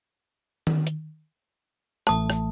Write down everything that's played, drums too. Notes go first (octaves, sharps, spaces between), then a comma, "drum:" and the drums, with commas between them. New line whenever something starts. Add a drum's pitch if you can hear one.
drum: tom D#3
drum: hi-hat
A1 A3 A5 D#6, drum: rim click
drum: rim click